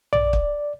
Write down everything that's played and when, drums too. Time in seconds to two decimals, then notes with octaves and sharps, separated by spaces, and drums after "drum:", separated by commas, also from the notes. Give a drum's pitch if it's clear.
0.13 D5, drum: tom A#1
0.33 drum: kick